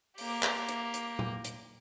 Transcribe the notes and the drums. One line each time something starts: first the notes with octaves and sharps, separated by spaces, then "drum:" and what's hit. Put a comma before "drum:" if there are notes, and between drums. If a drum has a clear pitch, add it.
A#3 G4, drum: open hi-hat
drum: clap
drum: hi-hat
drum: hi-hat
drum: tom
drum: hi-hat